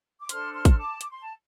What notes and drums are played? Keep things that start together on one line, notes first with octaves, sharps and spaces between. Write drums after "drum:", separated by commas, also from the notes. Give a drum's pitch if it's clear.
D6
D4 A4 C5 C6 F6, drum: hi-hat
C6 F6
drum: kick, hi-hat
A5 D6
D6, drum: hi-hat
C6
A5